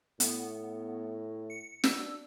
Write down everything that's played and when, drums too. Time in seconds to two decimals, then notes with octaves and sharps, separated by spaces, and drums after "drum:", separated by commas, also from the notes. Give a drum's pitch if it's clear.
0.20 A2 B3, drum: hi-hat
1.50 C#7
1.84 D4 E6, drum: snare